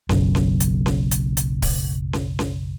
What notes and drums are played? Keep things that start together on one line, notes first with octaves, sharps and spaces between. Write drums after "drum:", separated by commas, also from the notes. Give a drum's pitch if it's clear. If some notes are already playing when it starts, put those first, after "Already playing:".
F#1 B1 F#2, drum: snare C#4
drum: snare C#4
drum: hi-hat
drum: snare C#4
drum: hi-hat
drum: hi-hat
drum: kick D1, open hi-hat
drum: snare C#4
drum: snare C#4